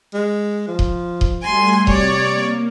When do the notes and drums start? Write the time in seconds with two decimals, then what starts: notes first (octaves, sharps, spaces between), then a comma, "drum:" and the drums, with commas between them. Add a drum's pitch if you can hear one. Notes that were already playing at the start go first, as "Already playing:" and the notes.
0.14 G#3
0.68 F3
0.79 drum: kick D#1
1.21 drum: kick D#1
1.42 G3 A3 F#4 G#5 C6
1.87 C3 G3 C#5 D5, drum: kick D#1
2.28 A#3